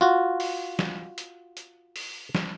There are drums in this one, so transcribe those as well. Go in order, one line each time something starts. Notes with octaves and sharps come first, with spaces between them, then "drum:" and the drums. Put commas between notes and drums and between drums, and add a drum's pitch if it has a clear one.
F4 F#4
drum: open hi-hat
drum: snare
drum: hi-hat
drum: hi-hat
drum: open hi-hat
drum: snare